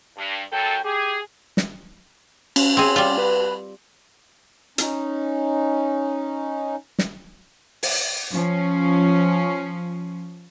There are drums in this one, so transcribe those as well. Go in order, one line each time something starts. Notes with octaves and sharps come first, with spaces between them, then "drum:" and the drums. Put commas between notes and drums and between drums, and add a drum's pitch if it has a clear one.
G2
F#2 A4 G5
G4 G#4
drum: snare
C#4, drum: cymbal
C4 G#4
G3 F4
B4
C#4 D#4, drum: hi-hat
drum: snare
drum: open hi-hat
F3 C#4